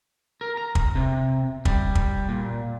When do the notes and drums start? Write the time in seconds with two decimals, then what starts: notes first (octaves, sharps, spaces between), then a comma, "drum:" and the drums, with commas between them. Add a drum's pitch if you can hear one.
0.41 A#4
0.57 A#5
0.75 drum: kick
0.95 C3
1.65 G3, drum: kick
1.95 drum: kick
2.29 A#2